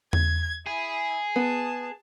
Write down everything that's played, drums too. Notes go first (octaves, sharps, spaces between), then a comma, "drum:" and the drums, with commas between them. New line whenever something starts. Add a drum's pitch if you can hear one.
G#6, drum: tom E2
E4 G#4
B3 A5